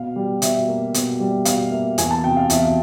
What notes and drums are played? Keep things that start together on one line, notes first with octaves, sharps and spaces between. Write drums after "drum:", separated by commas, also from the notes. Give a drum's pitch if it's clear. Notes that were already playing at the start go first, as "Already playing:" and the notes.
Already playing: B2 F5
G3
B2 E5, drum: hi-hat
A#3
B2, drum: hi-hat
G3
B2 F5, drum: hi-hat
A#3 E5
E2 G#5, drum: hi-hat
A5
C3 G5
F5
E2 E5, drum: hi-hat
F5